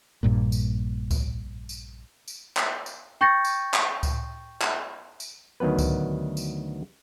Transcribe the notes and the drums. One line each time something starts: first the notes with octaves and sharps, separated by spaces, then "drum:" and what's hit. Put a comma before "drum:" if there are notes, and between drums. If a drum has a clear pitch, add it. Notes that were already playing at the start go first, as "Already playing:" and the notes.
A#1 G2 A#2
drum: tambourine
drum: kick C#2, tambourine
drum: tambourine
drum: tambourine
drum: clap
drum: tambourine
G5 C#6 G6 A6 A#6 C#7
drum: tambourine
drum: clap
drum: kick C#2, tambourine
drum: clap
drum: tambourine
D2 D#3 F#3 B3 B4
drum: kick C#2, tambourine
drum: tambourine